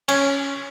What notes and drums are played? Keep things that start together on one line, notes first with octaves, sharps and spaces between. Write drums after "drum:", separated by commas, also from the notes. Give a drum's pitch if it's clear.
C#4, drum: cymbal